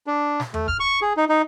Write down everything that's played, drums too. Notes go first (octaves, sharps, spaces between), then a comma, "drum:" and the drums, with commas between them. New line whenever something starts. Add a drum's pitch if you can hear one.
D4
drum: snare
A3, drum: tom E2
F6, drum: kick
C#6
G#4
D#4
D#4